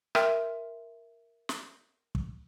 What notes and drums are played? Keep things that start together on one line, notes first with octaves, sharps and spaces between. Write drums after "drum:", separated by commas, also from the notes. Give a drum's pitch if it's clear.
A#4 E5 G5 C6 F6, drum: rim click
drum: snare
drum: kick